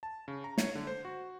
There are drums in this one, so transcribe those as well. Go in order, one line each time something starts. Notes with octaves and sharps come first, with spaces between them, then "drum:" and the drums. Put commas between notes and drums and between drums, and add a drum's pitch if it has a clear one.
A5
C#3
A#5
C#5, drum: snare
D3
C5
F#4